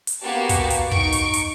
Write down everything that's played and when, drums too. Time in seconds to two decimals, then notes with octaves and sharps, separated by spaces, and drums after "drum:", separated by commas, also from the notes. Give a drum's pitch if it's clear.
0.07 drum: hi-hat
0.23 A#3 B3 F#4 G4 A5
0.49 drum: kick, hi-hat
0.70 drum: hi-hat
0.91 D#4 C#6 D7, drum: kick
1.12 drum: hi-hat
1.34 drum: hi-hat